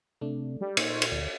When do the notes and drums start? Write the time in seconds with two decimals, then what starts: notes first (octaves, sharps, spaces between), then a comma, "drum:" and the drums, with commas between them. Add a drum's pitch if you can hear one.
0.21 C3 A3 D4
0.61 G3
0.77 A#2 D#4 C5 C#6 E6, drum: cymbal
1.02 drum: cymbal
1.11 D2 D5